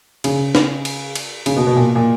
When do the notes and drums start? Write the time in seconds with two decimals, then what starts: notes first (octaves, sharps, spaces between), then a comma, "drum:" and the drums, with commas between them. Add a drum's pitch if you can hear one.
0.24 C#3, drum: cymbal
0.55 drum: snare
0.85 drum: cymbal
1.15 drum: cymbal
1.46 C#3, drum: cymbal
1.56 B2
1.67 B2
1.76 A#2
1.95 A#2